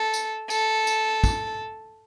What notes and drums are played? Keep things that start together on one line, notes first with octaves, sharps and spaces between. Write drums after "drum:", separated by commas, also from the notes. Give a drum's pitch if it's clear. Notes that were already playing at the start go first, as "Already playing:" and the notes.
Already playing: A4
drum: tambourine
A4, drum: tambourine
drum: tambourine
drum: kick, tambourine